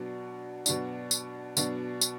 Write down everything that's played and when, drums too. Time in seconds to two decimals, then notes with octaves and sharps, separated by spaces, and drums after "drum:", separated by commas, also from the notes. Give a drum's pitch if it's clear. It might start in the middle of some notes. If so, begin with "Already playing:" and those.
Already playing: B2 F#3 D4
0.66 B2 F#3 D4, drum: tambourine
1.11 drum: tambourine
1.57 B2 F#3 D4, drum: tambourine
2.01 drum: tambourine